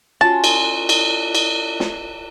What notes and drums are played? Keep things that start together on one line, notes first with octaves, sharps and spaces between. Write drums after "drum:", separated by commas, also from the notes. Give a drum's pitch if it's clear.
C#4 F4 F#4 A5
drum: cymbal
drum: cymbal
drum: cymbal
drum: snare